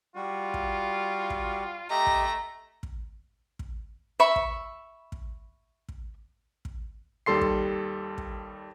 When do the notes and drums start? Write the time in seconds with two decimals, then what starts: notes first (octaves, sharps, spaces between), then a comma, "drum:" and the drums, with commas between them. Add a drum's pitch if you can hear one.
0.16 G3 F4 F#4
0.54 drum: kick
1.30 drum: kick
1.90 A3 G4 D#5 A#5
2.07 drum: kick
2.83 drum: kick
3.59 drum: kick
4.20 E5 B5 C#6
4.36 drum: kick
5.12 drum: kick
5.89 drum: kick
6.65 drum: kick
7.26 D#2 G3 A4 C6 C7
7.41 drum: kick
8.18 drum: kick